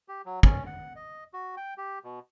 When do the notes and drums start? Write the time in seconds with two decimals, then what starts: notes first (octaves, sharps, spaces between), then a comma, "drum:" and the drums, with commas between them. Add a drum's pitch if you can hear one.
0.08 G4
0.26 F#3
0.43 C#4, drum: kick
0.66 F#5
0.96 D#5
1.33 F#4
1.57 G5
1.78 G4
2.04 B2